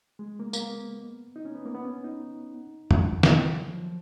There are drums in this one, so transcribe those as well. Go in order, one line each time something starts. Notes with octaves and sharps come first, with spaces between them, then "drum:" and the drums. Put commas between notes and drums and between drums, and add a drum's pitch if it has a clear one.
G#3
A#3
A#3, drum: tambourine
B3
D#4
C#4
B3
A#3
B3
C#4
D#4
F#3, drum: tom F2
drum: snare
F3